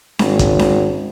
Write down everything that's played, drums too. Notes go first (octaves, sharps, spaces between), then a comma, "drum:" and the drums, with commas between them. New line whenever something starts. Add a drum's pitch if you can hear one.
G#1, drum: snare C#4
drum: kick, hi-hat
drum: snare C#4